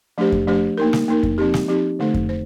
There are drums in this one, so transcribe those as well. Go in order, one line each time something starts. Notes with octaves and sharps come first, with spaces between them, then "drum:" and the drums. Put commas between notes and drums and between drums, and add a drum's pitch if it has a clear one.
F3 A3 D4 G4 C5
drum: kick F2
F3 A3 D4 G4 C5
A#3 D#4 A#4
drum: snare
A#3 D#4 A#4
drum: kick F2
F3 C4 D#4 G4
drum: snare
F3 C4 D#4 G4
D3 A3 D#4 A4 C5
drum: kick F2
C5